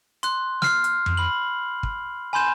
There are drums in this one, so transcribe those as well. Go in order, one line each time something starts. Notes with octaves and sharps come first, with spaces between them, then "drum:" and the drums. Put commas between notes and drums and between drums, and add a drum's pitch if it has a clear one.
C6 F#6, drum: hi-hat
F6 C7, drum: snare
drum: hi-hat
drum: tom F2
B5 F#7
drum: kick
G#5 B5 C6 G6 E7